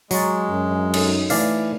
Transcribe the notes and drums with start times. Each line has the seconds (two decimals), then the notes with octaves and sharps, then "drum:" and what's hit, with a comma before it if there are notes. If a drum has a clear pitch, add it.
0.11 F#3 G#3 A#5 C#6 A6, drum: open hi-hat
0.49 F#2
0.94 D#4 A4 C#5, drum: cymbal
1.30 E3 A3 D5 F5, drum: open hi-hat